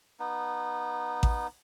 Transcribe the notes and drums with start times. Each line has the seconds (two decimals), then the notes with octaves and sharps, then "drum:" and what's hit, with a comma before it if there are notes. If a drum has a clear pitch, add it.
0.20 B3 D#4
1.23 drum: kick A1